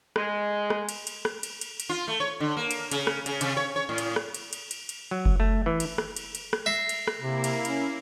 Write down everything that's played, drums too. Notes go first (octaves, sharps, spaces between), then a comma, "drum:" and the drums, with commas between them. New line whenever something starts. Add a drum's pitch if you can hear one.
G#3, drum: rim click
drum: rim click
drum: cymbal
drum: cymbal
drum: rim click
drum: cymbal
drum: cymbal
drum: cymbal
F4
A3
C#5
D3
A#3
drum: cymbal
C#3, drum: cymbal
drum: rim click
C#3, drum: cymbal
C3, drum: cymbal
C#5
C#5
A2
drum: cymbal
drum: rim click
drum: cymbal
drum: cymbal
drum: cymbal
drum: cymbal
F#3
drum: kick F#1
A3
E3
drum: cymbal
drum: rim click
drum: cymbal
drum: cymbal
drum: rim click
E5 A#6 C7
drum: cymbal
drum: rim click
C3 A#3 E4
drum: cymbal
C#4, drum: cymbal